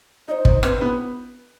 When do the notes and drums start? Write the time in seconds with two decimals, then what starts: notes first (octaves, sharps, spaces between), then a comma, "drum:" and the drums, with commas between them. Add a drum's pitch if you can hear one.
0.28 D#4 D#5
0.32 C5
0.45 D#4, drum: kick
0.63 C4 B4, drum: rim click
0.81 B3